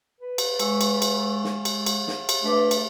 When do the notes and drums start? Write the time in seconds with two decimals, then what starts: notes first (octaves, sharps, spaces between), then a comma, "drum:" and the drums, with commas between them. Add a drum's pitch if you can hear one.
0.21 B4
0.38 drum: cymbal
0.59 G#3 C#6 E6, drum: cymbal
0.81 drum: cymbal
1.02 drum: cymbal
1.44 drum: snare
1.65 drum: cymbal
1.86 drum: cymbal
2.08 drum: snare
2.29 drum: cymbal
2.43 A3 D4 B4 D6
2.71 drum: cymbal